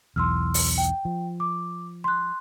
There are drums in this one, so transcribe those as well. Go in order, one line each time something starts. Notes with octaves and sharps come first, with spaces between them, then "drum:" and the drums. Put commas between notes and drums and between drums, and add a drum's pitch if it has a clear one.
B1 E2 C6 E6 F6
drum: open hi-hat
G5
F3
D6
C6 F#6